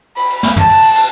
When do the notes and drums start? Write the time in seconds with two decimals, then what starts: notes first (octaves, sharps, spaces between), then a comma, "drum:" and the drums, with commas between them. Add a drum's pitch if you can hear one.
0.16 B5, drum: cymbal
0.30 drum: cymbal
0.43 drum: snare
0.56 A5, drum: tom
0.69 drum: cymbal
0.82 drum: cymbal
0.95 drum: cymbal